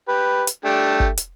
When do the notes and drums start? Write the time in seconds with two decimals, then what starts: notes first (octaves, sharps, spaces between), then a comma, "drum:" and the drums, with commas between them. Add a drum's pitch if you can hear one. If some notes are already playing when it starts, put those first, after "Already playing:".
0.08 G4 B4
0.47 drum: hi-hat
0.65 A3 D4 G4
1.00 drum: kick
1.17 drum: hi-hat